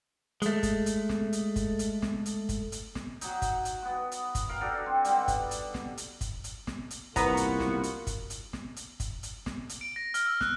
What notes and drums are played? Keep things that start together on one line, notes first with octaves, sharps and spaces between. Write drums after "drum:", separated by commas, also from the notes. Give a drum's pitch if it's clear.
G#3 A3, drum: hi-hat
drum: kick, hi-hat
drum: hi-hat
drum: snare
drum: hi-hat
drum: kick, hi-hat
drum: hi-hat
drum: snare
drum: hi-hat
drum: kick, hi-hat
drum: hi-hat
drum: snare
F#3 D#4, drum: hi-hat
drum: kick, hi-hat
drum: hi-hat
B3 F#4
drum: hi-hat
drum: kick, hi-hat
A#4 F5
D4 D#4 F#4 A4
C4
B2 G3, drum: hi-hat
drum: kick, hi-hat
drum: hi-hat
drum: snare
drum: hi-hat
drum: kick, hi-hat
drum: hi-hat
drum: snare
drum: hi-hat
C2 A#3 B3 F4 F#4 B4 A#5, drum: kick, hi-hat
drum: hi-hat
drum: snare
drum: hi-hat
drum: kick, hi-hat
drum: hi-hat
drum: snare
drum: hi-hat
drum: kick, hi-hat
drum: hi-hat
drum: snare
drum: hi-hat
D7
A#6
F6, drum: hi-hat
E6
F#6, drum: snare